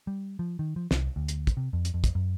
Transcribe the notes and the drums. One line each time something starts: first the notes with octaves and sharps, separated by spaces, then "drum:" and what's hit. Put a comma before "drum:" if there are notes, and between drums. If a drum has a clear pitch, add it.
G3
F3
D#3
F3
C2, drum: snare
D2
drum: hi-hat
drum: kick, hi-hat
C3
F2
drum: hi-hat
F2
drum: kick, hi-hat
F#2